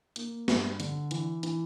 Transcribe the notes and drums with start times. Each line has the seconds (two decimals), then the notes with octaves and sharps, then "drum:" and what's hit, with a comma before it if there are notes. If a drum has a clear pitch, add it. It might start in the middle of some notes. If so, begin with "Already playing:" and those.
0.16 A#3, drum: hi-hat
0.48 G2, drum: snare
0.80 D3, drum: hi-hat
1.11 E3, drum: hi-hat
1.43 E3, drum: hi-hat